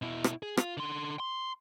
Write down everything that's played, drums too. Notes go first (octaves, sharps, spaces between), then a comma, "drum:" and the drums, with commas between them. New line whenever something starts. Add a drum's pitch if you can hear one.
B2 E4
drum: rim click
G#4
F4, drum: rim click
D3 C6
C6